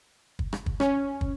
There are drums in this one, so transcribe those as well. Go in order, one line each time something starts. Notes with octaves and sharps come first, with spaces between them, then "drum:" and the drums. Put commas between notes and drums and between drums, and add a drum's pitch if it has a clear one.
drum: kick
drum: rim click
drum: kick
C#4, drum: rim click
drum: kick